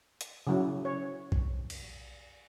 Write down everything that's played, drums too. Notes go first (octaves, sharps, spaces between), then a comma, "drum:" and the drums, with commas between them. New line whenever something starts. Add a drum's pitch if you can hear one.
drum: hi-hat
C#3 F#3 E4
C#5
drum: kick
drum: cymbal